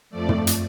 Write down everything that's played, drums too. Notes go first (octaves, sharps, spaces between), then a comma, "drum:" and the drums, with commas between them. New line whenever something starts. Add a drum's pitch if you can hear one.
F2 F3 A3 D5
drum: tom
drum: hi-hat